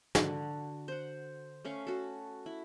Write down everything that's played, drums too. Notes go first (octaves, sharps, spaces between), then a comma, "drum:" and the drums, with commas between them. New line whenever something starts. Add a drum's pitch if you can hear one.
D3 F#4, drum: snare
C5 F#5
A3 C#4 F5 C#6
F#4 A4
E4